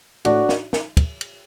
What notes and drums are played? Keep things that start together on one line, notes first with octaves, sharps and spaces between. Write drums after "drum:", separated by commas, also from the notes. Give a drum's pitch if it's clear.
A2 D4 F#4, drum: cymbal
drum: snare
drum: snare
drum: kick, cymbal
drum: cymbal